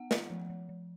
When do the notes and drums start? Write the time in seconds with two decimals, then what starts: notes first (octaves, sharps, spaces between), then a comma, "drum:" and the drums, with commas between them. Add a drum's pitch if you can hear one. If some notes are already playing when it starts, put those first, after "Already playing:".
Already playing: B3 F#5
0.11 B3, drum: snare
0.30 F3
0.50 F3
0.69 F3